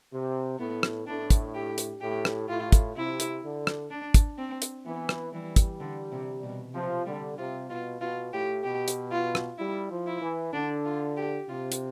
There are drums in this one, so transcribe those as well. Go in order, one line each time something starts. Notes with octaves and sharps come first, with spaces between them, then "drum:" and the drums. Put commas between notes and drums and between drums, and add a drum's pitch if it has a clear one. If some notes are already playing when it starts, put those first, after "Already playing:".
C3
A2 B3
drum: rim click
A2 D4
drum: kick, hi-hat
G4
drum: hi-hat
A2 G4
drum: rim click
A2 F4
drum: kick, hi-hat
C3 E4
drum: hi-hat
D3
drum: rim click
D4
drum: kick, hi-hat
C4
drum: hi-hat
E3 B3
drum: rim click
E3 G3
drum: kick, hi-hat
D3
C3
B2
C3 F3
D3 G3
C3 F4
B2 F4
B2 F4
A2 G4
B2 G4
drum: hi-hat
F4
drum: rim click
G3 E4
F3
E4
E3
D3 D4
F4
G4
C3 F4
drum: hi-hat